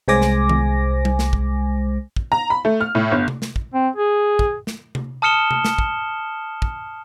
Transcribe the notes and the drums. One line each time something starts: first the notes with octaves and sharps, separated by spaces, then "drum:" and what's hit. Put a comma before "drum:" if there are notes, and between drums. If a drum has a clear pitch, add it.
C2 G#3 C5 G#5 D6 A#6
drum: snare
drum: tom D#3
drum: tom G3
drum: snare
drum: kick
drum: kick
A#5
B5
A3
F6
A2
G1
drum: tom C3
drum: snare
drum: kick
C4
G#4
drum: kick
drum: snare
drum: tom C3
A5 D#6 F6 C#7 E7 G7
drum: tom C3
drum: snare
drum: kick
drum: kick